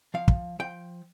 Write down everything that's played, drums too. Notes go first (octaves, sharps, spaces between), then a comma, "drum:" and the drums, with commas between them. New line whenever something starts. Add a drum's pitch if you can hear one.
F3 F5
drum: kick
F3 G5